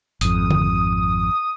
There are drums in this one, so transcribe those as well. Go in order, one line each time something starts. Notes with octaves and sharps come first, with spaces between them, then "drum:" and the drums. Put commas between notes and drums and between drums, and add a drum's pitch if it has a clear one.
G#1 F2 D#6, drum: hi-hat
drum: tom D3